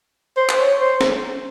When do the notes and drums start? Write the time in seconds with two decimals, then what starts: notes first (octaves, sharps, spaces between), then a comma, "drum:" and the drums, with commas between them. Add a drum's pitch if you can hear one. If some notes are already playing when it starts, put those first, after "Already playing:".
0.37 C5
0.49 drum: clap
0.59 C#5
0.81 C5
1.01 drum: snare